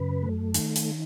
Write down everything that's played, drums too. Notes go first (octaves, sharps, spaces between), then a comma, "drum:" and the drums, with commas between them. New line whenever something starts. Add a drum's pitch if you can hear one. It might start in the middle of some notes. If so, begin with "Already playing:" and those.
Already playing: F#2 C#3 B4
A3
D#3, drum: hi-hat
drum: hi-hat